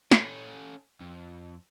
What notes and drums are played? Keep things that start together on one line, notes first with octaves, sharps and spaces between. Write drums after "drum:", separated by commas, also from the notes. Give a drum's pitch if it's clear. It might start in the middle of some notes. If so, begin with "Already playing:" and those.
C#4 A4, drum: snare
F2